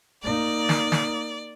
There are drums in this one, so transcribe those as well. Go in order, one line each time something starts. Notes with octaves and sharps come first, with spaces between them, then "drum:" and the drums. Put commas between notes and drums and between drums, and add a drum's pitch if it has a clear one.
A#3 D#4 D5
drum: snare
drum: snare